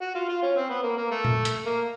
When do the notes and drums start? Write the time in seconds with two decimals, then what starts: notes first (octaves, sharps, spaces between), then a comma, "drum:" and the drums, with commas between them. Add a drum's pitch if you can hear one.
0.01 F#4
0.15 F4
0.29 F4
0.42 C#4
0.56 C4
0.69 B3
0.83 A#3
0.97 A#3
1.11 A3
1.25 drum: tom A#2
1.45 drum: hi-hat
1.66 A#3